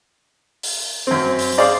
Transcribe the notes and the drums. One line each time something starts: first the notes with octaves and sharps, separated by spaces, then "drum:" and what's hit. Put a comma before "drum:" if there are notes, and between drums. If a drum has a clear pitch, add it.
drum: open hi-hat
F#2 C4
drum: open hi-hat
G#4 C5 D5 F5